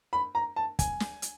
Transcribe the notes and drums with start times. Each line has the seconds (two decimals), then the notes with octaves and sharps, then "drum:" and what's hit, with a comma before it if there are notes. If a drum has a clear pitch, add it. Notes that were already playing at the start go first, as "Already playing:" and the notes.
0.13 B5
0.35 A#5
0.56 A5
0.79 G#5, drum: kick, hi-hat
1.00 drum: snare
1.22 drum: hi-hat